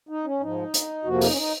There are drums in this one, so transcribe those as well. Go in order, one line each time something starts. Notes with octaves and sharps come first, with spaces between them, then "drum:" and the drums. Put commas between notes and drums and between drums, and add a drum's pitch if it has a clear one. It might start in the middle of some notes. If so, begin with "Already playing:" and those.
D#4
C#4
G#2 F3 G#3 D#4
drum: hi-hat
F2 C3 F3 A#3 F#4
D#4, drum: open hi-hat
C#4
D#4